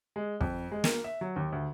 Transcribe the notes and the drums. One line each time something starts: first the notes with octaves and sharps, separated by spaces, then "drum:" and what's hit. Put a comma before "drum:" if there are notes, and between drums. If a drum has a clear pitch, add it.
G#3
F2, drum: kick
G#3
A#3, drum: snare
E5
F#3
D#2
D2